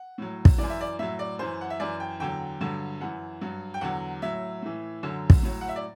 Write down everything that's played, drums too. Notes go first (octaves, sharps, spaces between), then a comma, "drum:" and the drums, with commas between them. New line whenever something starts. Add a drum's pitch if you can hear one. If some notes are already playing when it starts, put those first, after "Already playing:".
Already playing: F#5
A2 F#3
drum: kick
F#2 E3 D5
E5
D5
A2 F#3 E5
D5
F#2 E3 C5
F#5
E5
F#2 E3 D5
G5
E2 D3 F#3 G5
G2 D3 F#3
F#2 E3 F#5
G2 F#3
G5
E2 D3 F#3 F#5
A2 F#3 E5
A2 E3
F#2 D3 F#3
drum: kick
A2 F#3
F#5
E5
D5